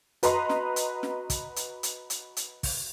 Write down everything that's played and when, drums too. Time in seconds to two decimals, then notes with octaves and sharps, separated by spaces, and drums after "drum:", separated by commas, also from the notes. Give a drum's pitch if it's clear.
0.23 F#4 B4 D#5 A#5 C6, drum: hi-hat
0.49 drum: snare
0.76 drum: hi-hat
1.03 drum: snare
1.30 drum: kick, hi-hat
1.56 drum: hi-hat
1.83 drum: hi-hat
2.10 drum: hi-hat
2.37 drum: hi-hat
2.63 drum: kick, open hi-hat